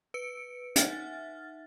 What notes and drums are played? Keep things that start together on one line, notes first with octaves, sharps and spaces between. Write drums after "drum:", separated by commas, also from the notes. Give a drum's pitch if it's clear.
B4 C#7 D7
D#4 E5 F#5 F6 A6, drum: hi-hat